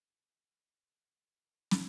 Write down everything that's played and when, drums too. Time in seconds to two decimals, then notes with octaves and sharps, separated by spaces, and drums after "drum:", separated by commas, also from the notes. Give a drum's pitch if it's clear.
0.22 A4
0.63 A#4
1.07 G4
1.38 A#4
1.71 drum: snare